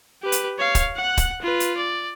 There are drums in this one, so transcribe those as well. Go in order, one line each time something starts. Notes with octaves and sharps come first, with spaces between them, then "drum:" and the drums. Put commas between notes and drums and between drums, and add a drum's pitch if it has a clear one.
G4 B4
drum: hi-hat
C#5 F5
drum: kick, hi-hat
F#5 F#6
drum: kick, hi-hat
F4 B4
drum: hi-hat
D5